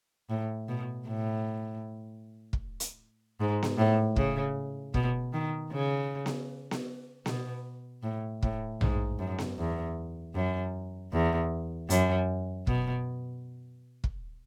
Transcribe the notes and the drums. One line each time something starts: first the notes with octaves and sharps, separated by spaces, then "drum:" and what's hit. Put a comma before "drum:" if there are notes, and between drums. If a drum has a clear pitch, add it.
A2
B2
A2
drum: kick
drum: hi-hat
G#2
drum: snare B3
A2
C#3, drum: kick
B2, drum: kick
D#3
C#3
drum: snare B3
drum: snare B3
B2, drum: snare B3
A2
A2, drum: kick
G#2, drum: tom A#1
F#2
drum: snare B3
E2
F#2
E2
F#2, drum: hi-hat
B2, drum: kick
drum: kick